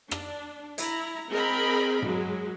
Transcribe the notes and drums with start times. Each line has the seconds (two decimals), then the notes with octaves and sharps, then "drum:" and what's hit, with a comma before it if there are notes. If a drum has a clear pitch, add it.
0.11 D4, drum: rim click
0.78 E4 A#5, drum: hi-hat
1.31 C4 G#4 A#4 D#5 A#5 B5
2.02 F#3 G#3, drum: tom G2